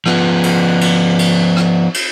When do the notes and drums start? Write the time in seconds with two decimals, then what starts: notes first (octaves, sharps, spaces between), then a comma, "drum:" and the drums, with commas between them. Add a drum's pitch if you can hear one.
0.06 F3 B3, drum: rim click
0.43 drum: cymbal
0.81 drum: cymbal
1.19 drum: cymbal
1.57 drum: rim click
1.94 drum: cymbal